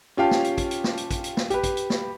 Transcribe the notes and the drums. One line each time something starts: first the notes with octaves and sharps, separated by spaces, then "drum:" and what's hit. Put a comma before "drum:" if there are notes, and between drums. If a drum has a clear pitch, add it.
C#4 F4 G4 F5 G5 A5
drum: snare
drum: hi-hat
drum: kick, hi-hat
drum: hi-hat
drum: snare
drum: hi-hat
drum: kick, hi-hat
drum: hi-hat
drum: snare
G4 B4, drum: hi-hat
drum: kick, hi-hat
drum: hi-hat
drum: snare